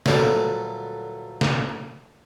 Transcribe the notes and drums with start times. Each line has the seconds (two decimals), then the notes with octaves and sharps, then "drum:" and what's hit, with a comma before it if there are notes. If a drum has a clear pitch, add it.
0.06 D2 A#2 F#3 G3 A3 B3, drum: snare
1.41 drum: snare